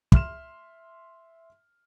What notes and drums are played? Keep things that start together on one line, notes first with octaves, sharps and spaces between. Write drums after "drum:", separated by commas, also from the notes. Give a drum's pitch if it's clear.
E5 C6 F6 E7, drum: kick